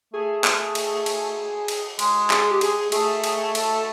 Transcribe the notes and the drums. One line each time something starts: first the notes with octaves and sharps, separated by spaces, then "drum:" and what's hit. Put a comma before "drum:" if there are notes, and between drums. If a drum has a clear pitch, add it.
A3 G#4
drum: clap
drum: cymbal
drum: cymbal
drum: cymbal
G#3, drum: cymbal
G#4, drum: clap
G4
G#4, drum: cymbal
A3 G#4, drum: cymbal
G#4, drum: cymbal
A4, drum: cymbal